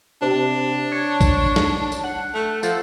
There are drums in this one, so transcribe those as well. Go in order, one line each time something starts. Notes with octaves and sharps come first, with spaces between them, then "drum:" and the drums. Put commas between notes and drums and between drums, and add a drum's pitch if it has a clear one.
C3 D4
C#5
drum: kick, tambourine
drum: snare
drum: tambourine
F#5
A3
F3 A4, drum: tambourine